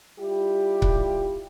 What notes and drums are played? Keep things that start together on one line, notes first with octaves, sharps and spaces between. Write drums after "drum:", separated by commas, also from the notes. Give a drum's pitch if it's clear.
G3 E4 F4 G4
drum: kick C#1